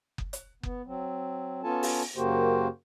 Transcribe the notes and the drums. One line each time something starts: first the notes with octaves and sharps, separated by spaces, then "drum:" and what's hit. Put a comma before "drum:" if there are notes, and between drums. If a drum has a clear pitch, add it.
drum: kick F#1
drum: hi-hat
B3, drum: kick F#1
F#3 C4
B3 C#4 F4 A4 G#5 A5
drum: open hi-hat
F#2 C#3 A#3 F#4 G4 C5